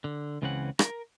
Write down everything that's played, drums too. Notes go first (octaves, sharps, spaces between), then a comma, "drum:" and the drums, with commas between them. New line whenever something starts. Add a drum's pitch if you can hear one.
D3
C#2 C#3 E3 C4 C#4 F#5
A#4, drum: rim click